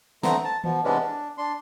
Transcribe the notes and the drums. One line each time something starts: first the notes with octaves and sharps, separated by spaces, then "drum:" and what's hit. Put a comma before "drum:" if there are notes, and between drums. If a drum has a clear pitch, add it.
D3 A3 B3 C4 A#5, drum: snare
A5
B2 F3, drum: tom D#3
C3 E3 G#3 B3 C#4 D4
D4
D4 C6